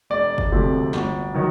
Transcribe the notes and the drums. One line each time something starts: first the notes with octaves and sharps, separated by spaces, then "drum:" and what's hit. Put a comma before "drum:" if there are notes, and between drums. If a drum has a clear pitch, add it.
E1 D5
drum: kick
D2 C3 F3 A3
G1, drum: snare
D#3 F#3